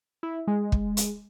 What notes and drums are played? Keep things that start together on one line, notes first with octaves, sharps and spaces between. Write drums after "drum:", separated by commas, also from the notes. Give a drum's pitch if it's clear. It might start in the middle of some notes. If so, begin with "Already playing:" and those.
E4
G#3
drum: kick
drum: hi-hat